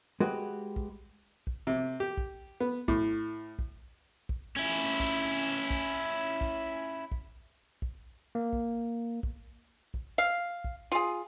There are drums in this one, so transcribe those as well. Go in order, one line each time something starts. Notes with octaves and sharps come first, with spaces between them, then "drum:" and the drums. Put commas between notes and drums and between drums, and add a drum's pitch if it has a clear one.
G#3 F#4 G4 B4
drum: kick
drum: kick
C3
G4
drum: kick
B3
A2, drum: kick
drum: kick
drum: kick
C#4 E4
drum: kick
drum: kick
drum: kick
drum: kick
drum: kick
A#3
drum: kick
drum: kick
drum: kick
F5
drum: kick
F4 G#4